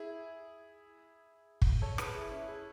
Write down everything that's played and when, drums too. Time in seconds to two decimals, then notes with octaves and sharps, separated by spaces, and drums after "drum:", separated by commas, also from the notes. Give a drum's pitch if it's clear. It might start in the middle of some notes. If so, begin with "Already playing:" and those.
Already playing: E4 G#4
1.62 drum: kick
1.82 A4 C#5
1.98 G#4 B4, drum: rim click
2.15 E4 G#4
2.31 C#4 E4
2.48 E4 G#4